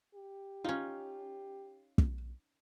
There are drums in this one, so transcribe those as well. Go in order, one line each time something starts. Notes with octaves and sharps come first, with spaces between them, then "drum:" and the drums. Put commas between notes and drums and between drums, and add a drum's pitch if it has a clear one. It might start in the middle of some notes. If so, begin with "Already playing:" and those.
G4
C#4 D#4 F4
drum: kick